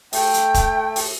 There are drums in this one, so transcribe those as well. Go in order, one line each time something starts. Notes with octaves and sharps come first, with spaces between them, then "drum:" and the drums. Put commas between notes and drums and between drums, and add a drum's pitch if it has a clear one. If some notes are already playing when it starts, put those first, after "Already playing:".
A3 G5, drum: open hi-hat
drum: hi-hat
drum: kick, hi-hat
drum: open hi-hat